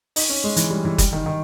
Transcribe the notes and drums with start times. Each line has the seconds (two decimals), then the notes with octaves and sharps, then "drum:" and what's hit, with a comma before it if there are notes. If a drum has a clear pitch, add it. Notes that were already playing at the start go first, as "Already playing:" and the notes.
0.16 D#4, drum: open hi-hat
0.30 C#4
0.44 G#3
0.56 E3, drum: hi-hat
0.70 G3
0.85 E3
0.98 G3, drum: kick F#1, hi-hat
1.13 D#3
1.26 D#3